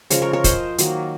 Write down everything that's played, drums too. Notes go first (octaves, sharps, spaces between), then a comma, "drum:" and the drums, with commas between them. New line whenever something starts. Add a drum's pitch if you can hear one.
C#3 F3 G#3 A#4 C#5, drum: hi-hat
A#4 C#5
A#4 C#5
C5 D#5, drum: kick, hi-hat
D#3 F#3 A#3, drum: hi-hat